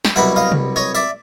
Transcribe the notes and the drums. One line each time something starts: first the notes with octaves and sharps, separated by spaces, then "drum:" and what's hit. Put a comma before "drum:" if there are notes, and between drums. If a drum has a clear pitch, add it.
G5, drum: snare
C2 B2 F#3 E5 F#5
D#5 F5
drum: tom C3
C#5 D#5
D5 E5, drum: tambourine